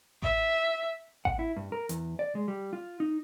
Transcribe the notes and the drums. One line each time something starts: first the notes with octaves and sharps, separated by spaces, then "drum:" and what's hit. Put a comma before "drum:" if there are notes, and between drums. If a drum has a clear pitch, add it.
E5, drum: kick A1
F#5, drum: kick A1
E4
G2
A#4
E2, drum: hi-hat
D5
G#3
G3
F4
D#4